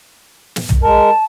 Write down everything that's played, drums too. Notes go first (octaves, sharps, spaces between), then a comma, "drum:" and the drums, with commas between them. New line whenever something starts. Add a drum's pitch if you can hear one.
drum: snare
drum: tom
G#3 A#4 A5